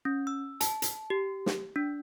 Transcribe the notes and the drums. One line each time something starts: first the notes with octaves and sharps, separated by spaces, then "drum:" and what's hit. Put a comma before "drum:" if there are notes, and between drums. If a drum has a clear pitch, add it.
C#4
E6
A5, drum: hi-hat
drum: hi-hat
G4
drum: snare
D4